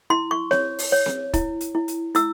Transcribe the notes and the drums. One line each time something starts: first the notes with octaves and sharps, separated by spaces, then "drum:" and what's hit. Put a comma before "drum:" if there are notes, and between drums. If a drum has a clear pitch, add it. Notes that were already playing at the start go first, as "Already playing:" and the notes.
E4 C6
C#6
C#5, drum: snare C4
drum: open hi-hat
C#5
drum: snare C4
E4, drum: kick, hi-hat
drum: hi-hat
E4
drum: hi-hat
E4 E6, drum: hi-hat